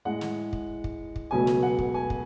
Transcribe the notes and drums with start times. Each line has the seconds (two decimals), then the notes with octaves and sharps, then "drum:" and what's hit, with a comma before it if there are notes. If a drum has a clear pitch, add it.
0.05 A2 G#3 F#5
0.21 drum: snare
0.53 drum: kick
0.84 drum: kick
1.16 drum: kick
1.31 C#2 B2 F#3 A3 G#5
1.47 drum: snare
1.63 F#5
1.79 drum: kick
1.94 G#5
2.10 drum: kick